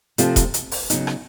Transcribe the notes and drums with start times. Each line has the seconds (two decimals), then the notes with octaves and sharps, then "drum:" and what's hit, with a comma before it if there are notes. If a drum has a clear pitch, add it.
0.18 C3 F3 A3 C4 F4, drum: hi-hat
0.36 drum: kick E1, hi-hat
0.54 drum: hi-hat
0.71 drum: open hi-hat
0.90 C#3 F#3 B3 D#4, drum: hi-hat
1.07 drum: rim click